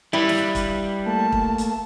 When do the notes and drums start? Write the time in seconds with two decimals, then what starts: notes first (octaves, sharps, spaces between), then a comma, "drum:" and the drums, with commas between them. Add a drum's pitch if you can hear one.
0.13 G3 E4 G4 B4
0.29 drum: snare
0.55 drum: kick, hi-hat
1.07 A3 A#3 A5
1.32 drum: kick
1.58 drum: hi-hat